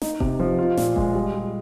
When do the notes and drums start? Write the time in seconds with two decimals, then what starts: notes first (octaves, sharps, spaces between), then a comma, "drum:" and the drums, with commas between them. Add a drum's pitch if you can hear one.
0.02 D#4, drum: snare
0.20 C3, drum: kick F1
0.40 F3
0.59 F4
0.77 A#2, drum: snare
0.96 G#3, drum: kick F1
1.15 G3
1.34 G3